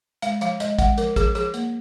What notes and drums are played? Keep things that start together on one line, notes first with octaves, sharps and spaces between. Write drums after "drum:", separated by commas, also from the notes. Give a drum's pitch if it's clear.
G#3 F5, drum: hi-hat
F3 F5, drum: hi-hat
G#3 D#5, drum: hi-hat
G#3 F#5, drum: kick, hi-hat
F3 A#4, drum: hi-hat
F3 G#4, drum: kick, hi-hat
F3 G#4, drum: hi-hat
A#3, drum: hi-hat